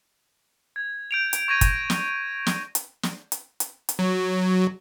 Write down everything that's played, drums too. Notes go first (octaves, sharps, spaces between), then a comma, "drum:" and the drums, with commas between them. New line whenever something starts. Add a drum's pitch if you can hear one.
G#6
G6 D7 F7
drum: hi-hat
C#6 G#6 A#6 D#7
drum: kick, hi-hat
drum: snare
drum: snare
drum: hi-hat
drum: snare
drum: hi-hat
drum: hi-hat
drum: hi-hat
F#3